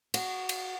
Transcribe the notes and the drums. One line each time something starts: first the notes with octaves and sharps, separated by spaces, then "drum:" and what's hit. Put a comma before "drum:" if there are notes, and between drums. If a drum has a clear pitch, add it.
F#4, drum: cymbal
drum: cymbal